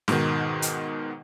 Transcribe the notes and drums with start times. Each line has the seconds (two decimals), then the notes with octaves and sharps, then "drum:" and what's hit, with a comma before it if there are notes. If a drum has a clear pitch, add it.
0.08 G#2 B2 D#3, drum: snare
0.62 drum: hi-hat